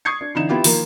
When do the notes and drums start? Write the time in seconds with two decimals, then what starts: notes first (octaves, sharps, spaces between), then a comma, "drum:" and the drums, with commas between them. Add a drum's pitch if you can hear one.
0.05 C#6 D#6 G#6 C7 C#7
0.21 D4
0.35 D3 E3 D#4 E7
0.49 B3 E4 F4 G4
0.64 D#3 F3 A#3, drum: open hi-hat